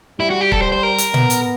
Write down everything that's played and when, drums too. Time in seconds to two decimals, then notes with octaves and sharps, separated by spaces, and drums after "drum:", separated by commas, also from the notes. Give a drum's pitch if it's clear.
0.20 G3 E4
0.30 F#4
0.41 G4
0.52 A4, drum: kick
0.62 C5
0.72 C5
0.83 A#4
0.98 drum: hi-hat
1.14 B3, drum: tom A#2
1.30 drum: hi-hat